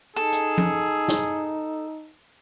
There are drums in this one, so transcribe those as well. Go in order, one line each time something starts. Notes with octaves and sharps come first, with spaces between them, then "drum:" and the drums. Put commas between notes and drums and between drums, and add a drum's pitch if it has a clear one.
D#4 G#4 A4
drum: hi-hat
drum: tom F3
drum: snare